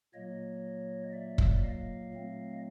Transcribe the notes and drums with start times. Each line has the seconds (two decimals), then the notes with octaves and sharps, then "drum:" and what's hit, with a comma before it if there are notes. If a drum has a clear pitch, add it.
0.14 A#2 F#3 A#3 C#5 D#5
1.13 D5 E5
1.38 drum: kick
1.63 D#5 F5
2.13 A#2 F#3 A3 C4